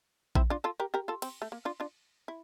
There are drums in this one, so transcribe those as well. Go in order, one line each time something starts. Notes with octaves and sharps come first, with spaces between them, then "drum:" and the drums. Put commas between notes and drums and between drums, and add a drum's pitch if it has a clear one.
C4 E4, drum: kick A#1
D4 F4
F4 A4
G4 A#4
G4 A#4
F4 A4
C4, drum: cymbal
A3
A#3
D4 F4
D4 F4
E4